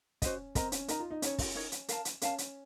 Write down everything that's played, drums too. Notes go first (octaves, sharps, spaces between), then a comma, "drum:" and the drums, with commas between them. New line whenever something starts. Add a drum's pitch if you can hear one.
C#4 F#4 C5 D#5, drum: kick, hi-hat
C4 A#4 D#5 A#5, drum: kick, hi-hat
C#4, drum: hi-hat
D#4 A#4 D#5 A#5, drum: hi-hat
F4
D#4
C#4 D#4 A#4 C#5, drum: hi-hat
drum: kick, open hi-hat
D#4 A#4 C#5
drum: hi-hat
A#4 F5 A5, drum: hi-hat
drum: hi-hat
C#4 A#4 F5 A5, drum: hi-hat
drum: hi-hat